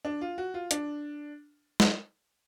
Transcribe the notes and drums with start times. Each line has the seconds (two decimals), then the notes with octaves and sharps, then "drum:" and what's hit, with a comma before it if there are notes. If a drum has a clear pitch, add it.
0.05 D4
0.21 F4
0.38 F#4
0.54 F4
0.71 D4, drum: hi-hat
1.80 drum: snare